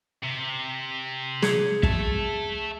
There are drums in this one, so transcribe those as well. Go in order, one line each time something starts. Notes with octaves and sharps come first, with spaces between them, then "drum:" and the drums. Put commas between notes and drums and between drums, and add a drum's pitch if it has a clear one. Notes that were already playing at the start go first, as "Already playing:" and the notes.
C3
G#4 G#6 C#7, drum: snare
E5 A5, drum: kick